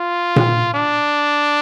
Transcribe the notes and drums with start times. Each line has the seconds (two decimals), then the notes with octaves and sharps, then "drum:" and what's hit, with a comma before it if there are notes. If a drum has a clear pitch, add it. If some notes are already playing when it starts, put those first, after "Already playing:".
Already playing: F4
0.36 drum: tom A#2
0.74 D4